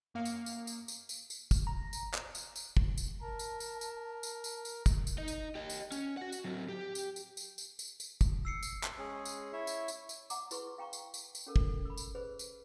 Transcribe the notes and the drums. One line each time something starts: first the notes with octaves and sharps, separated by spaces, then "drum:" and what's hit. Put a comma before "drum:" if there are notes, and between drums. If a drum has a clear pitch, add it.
F#2 A#3 F5 D#6 C#7
drum: tambourine
drum: tambourine
drum: tambourine
drum: tambourine
drum: tambourine
drum: tambourine
drum: kick, tambourine
A#5
drum: tambourine
drum: clap
drum: tambourine
drum: tambourine
drum: kick
drum: tambourine
A#4 A5
drum: tambourine
drum: tambourine
drum: tambourine
drum: tambourine
drum: tambourine
drum: tambourine
drum: kick, tambourine
drum: tambourine
D#4 D#5
drum: tambourine
G4 D#5
drum: tambourine
C#4, drum: tambourine
F#4 F#5
drum: tambourine
F#3 C4
G4
drum: tambourine
drum: tambourine
drum: tambourine
drum: tambourine
drum: tambourine
drum: tambourine
drum: kick, tambourine
E6 C7 C#7
drum: tambourine
drum: clap
G#3 C#4 G#4
drum: tambourine
E4 C#5 E5
drum: tambourine
drum: tambourine
drum: tambourine
F#5 A#5 D6, drum: tambourine
E4 G#4 B4 C6 C#6, drum: tambourine
F5 G5 A#5 C#6
drum: tambourine
drum: tambourine
drum: tambourine
C#4 A4 A#4
drum: kick
B5 E6
drum: tambourine
G#4 B4 C5
drum: tambourine